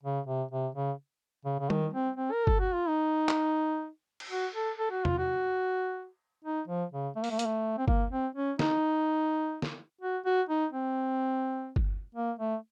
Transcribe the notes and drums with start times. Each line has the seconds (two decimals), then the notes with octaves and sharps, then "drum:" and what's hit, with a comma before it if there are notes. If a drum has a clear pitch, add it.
0.03 C#3
0.27 C3
0.51 C3
0.75 C#3
1.45 C#3
1.60 C#3
1.70 D#3, drum: tom G3
1.94 C4
2.17 C4
2.32 A#4
2.47 A4, drum: kick G1
2.60 F#4
2.75 F4
2.88 D#4
3.29 drum: clap
4.20 drum: cymbal
4.30 F#4
4.54 A4
4.79 A4
4.91 F#4
5.05 F4, drum: tom
5.18 F#4
6.45 D#4
6.68 F3
6.92 C#3
7.16 A3
7.24 A#3, drum: open hi-hat
7.31 A3
7.39 A#3, drum: hi-hat
7.46 A3
7.78 C4
7.88 A#3, drum: kick G1
8.11 C4
8.36 C#4
8.59 D#4, drum: snare
9.62 drum: snare
10.01 F#4
10.26 F#4
10.49 D#4
10.73 C4
11.76 drum: kick G1
12.15 A#3
12.39 A3